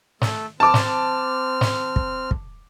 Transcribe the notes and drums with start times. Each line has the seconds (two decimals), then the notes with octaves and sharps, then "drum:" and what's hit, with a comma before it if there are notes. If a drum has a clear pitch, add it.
0.21 A3 A4, drum: snare
0.60 C4 A5 D6 F6
0.74 drum: snare
1.61 drum: snare
1.96 drum: kick
2.31 drum: kick